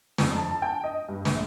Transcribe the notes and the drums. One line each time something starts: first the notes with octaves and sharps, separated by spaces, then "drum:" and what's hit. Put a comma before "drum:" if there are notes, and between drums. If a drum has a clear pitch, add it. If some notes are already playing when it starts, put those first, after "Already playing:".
F2, drum: snare
A5
A5
G5
D#5
G2
A#1, drum: snare